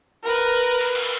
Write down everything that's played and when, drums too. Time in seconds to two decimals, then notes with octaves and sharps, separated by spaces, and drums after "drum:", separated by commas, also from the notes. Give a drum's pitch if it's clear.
0.24 A#4 B4
0.81 drum: open hi-hat
0.95 drum: cymbal